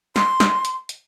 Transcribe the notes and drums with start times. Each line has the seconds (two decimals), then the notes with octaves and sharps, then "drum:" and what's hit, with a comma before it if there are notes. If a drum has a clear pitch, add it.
0.16 C6, drum: snare
0.40 drum: snare
0.65 drum: hi-hat
0.89 drum: hi-hat